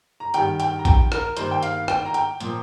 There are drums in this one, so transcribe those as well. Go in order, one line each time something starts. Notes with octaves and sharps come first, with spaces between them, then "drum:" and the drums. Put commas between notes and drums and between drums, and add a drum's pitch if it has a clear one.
A#5
G2 D#3 G3 G5, drum: hi-hat
G5, drum: hi-hat
A#5
G5, drum: kick A#1, hi-hat
A#4, drum: rim click
G2 D#3 A#3 C5, drum: hi-hat
G5
F5, drum: hi-hat
G5, drum: rim click
A#5
G5, drum: hi-hat
A#2 F3 A#3, drum: hi-hat